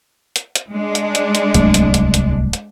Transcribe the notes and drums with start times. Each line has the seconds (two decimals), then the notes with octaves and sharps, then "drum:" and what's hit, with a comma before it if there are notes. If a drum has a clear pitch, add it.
0.36 drum: hi-hat
0.55 drum: hi-hat
0.70 G#3 D4
0.95 drum: hi-hat
1.15 drum: hi-hat
1.35 drum: hi-hat
1.54 D1 C2 F#3 A3, drum: hi-hat
1.74 drum: hi-hat
1.94 drum: hi-hat
2.14 drum: hi-hat
2.53 drum: hi-hat